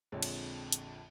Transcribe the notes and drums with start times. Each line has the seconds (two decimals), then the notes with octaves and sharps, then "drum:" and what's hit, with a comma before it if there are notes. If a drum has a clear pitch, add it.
0.12 A#1 F2 D3 G#3 C4 C#5
0.23 drum: cymbal
0.72 drum: hi-hat